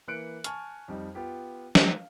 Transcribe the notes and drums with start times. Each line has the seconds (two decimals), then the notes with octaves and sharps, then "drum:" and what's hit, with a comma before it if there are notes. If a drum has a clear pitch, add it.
0.08 E3 A#3 B4 F#6 C#7 D7
0.44 G#5 A5 C#6 F6, drum: hi-hat
0.88 F2 G3 D#4
1.15 B3 F4 G4
1.75 F5, drum: snare